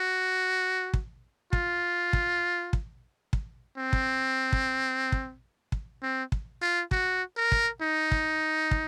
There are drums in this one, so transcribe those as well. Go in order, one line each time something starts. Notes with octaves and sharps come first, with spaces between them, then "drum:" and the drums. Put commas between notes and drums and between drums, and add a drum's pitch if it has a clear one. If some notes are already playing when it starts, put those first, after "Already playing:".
Already playing: F#4
drum: kick
F4, drum: kick
drum: kick
drum: kick
drum: kick
C4
drum: kick
drum: kick
drum: kick
drum: kick
C4
drum: kick
F4
F#4, drum: kick
A#4
drum: kick
D#4
drum: kick
drum: kick